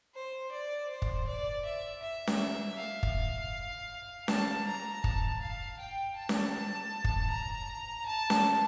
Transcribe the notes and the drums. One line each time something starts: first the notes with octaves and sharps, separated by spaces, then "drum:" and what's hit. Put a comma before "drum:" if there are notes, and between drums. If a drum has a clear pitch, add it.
C5
D5
C5
drum: kick
D5
E5
E5
drum: snare C#4
F5
drum: kick
A5, drum: snare C#4
A#5
A5, drum: kick
F5
G5
A5
drum: snare C#4
drum: kick
A#5
A5
drum: snare C#4